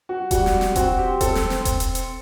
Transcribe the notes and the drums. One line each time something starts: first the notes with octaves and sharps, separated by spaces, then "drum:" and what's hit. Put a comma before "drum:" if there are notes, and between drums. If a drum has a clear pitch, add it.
F#4
G3 F#4, drum: kick E1, hi-hat
drum: snare
drum: snare
C4 F#4, drum: kick E1, hi-hat
G4
C4 A4, drum: kick E1, hi-hat
drum: snare
drum: snare
C4, drum: kick E1, hi-hat
drum: hi-hat
drum: hi-hat